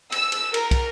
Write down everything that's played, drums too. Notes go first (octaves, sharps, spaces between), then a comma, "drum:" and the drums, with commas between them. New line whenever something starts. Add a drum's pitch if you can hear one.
E6, drum: cymbal
drum: cymbal
A#4, drum: cymbal
drum: kick, cymbal